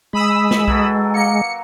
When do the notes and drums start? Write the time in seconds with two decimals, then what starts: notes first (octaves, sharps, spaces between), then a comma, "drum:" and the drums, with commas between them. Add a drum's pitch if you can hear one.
0.13 G#3 B5 D#6 E6
0.51 drum: snare
0.68 E3 F#3 A4, drum: kick B1
1.14 A#3 A#4 C#7